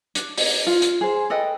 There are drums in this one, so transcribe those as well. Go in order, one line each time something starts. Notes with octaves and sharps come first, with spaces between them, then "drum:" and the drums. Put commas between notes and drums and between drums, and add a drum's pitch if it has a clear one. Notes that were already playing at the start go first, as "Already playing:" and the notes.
D4, drum: hi-hat
drum: open hi-hat
F4
drum: hi-hat
G#4 C5
A4 B4 D#5 G5